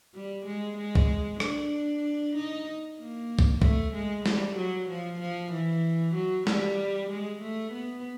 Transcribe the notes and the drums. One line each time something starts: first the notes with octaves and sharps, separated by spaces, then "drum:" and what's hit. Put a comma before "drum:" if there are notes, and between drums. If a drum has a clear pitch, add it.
G3
G#3
G#3
drum: kick
D4, drum: rim click
D#4
A#3
drum: kick
A3, drum: kick
G#3
G3, drum: snare
F#3
F3
F3
E3
F#3
G3, drum: snare
G#3
A3
B3